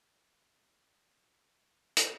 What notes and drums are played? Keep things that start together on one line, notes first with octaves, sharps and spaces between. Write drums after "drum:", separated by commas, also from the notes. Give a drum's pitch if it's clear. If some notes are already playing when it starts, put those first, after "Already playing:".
B3 C#4
C4 D4
D#4
C4 D4
B3 C#4
A#3 C4
A3 B3
B3 C#4
C4 D4
drum: hi-hat